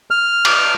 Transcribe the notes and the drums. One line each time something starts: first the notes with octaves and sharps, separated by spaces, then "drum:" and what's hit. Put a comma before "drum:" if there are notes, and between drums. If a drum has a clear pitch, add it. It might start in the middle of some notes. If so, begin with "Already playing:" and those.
F6
drum: cymbal